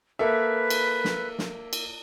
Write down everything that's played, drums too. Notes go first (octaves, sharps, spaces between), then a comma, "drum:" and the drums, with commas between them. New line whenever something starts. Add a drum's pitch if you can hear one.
A#3 A4 B4 E5
drum: cymbal
drum: snare
drum: snare
drum: cymbal